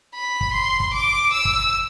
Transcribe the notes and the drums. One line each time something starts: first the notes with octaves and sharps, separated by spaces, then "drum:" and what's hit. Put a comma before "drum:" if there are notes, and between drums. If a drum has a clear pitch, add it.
B5
drum: kick
C6
drum: kick
D6
E6
drum: kick